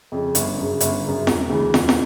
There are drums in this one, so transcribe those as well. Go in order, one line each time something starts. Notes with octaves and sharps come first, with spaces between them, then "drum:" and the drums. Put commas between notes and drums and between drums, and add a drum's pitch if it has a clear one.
F2 C#3
G1, drum: hi-hat
F#2 C#3
G1, drum: hi-hat
F#2 C#3
E1, drum: snare
D2 C#3 E3 G#3
E1, drum: snare
drum: snare